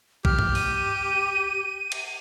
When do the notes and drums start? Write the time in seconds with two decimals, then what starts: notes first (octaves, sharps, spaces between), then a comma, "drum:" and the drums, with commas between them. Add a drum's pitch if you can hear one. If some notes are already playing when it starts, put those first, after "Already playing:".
0.25 G4 F6, drum: kick A#1
0.39 drum: tom G2
0.55 D#7, drum: open hi-hat
1.92 drum: cymbal